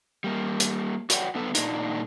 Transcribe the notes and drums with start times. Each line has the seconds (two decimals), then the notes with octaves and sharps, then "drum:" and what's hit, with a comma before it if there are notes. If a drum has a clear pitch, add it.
0.24 G3 A#3
0.60 drum: hi-hat
1.10 F#4 B4 C#5 D5 F#5 G5, drum: hi-hat
1.35 D3 B3 A4 B4
1.55 A#2 A#3 D4 D#4, drum: hi-hat